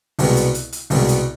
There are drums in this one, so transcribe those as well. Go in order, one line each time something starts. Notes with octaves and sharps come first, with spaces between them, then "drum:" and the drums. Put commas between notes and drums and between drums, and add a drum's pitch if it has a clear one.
C2 B2 G#3 B3, drum: open hi-hat
drum: hi-hat
drum: hi-hat
drum: hi-hat
C2 B2 G#3 B3, drum: open hi-hat
drum: hi-hat